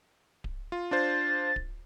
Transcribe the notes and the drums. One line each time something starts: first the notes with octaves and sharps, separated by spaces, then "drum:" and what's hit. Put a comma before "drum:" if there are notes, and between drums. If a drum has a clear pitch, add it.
drum: kick D1
F4
D4 F4 C5 A6
drum: kick D1